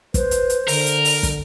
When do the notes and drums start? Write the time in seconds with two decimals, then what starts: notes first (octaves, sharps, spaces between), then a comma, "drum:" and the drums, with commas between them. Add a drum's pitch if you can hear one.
0.14 B4 C5, drum: kick, hi-hat
0.31 drum: hi-hat
0.50 drum: hi-hat
0.68 D3 A#4, drum: open hi-hat
0.86 drum: hi-hat
1.05 drum: open hi-hat
1.23 drum: kick, hi-hat